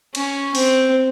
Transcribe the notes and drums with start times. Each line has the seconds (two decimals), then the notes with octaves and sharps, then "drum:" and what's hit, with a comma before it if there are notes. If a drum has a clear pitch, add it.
0.15 C#4, drum: cymbal
0.55 C4, drum: open hi-hat